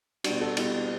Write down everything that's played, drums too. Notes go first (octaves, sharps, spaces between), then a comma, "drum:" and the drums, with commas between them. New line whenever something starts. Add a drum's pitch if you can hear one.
B2 G3 D4 F#4, drum: cymbal
F#4 A4
B2 G3 E4 G4, drum: cymbal